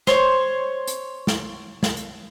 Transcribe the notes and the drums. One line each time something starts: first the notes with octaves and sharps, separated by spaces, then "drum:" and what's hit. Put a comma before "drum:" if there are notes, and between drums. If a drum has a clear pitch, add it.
C5 C#5, drum: snare
drum: hi-hat
drum: snare
drum: snare
drum: hi-hat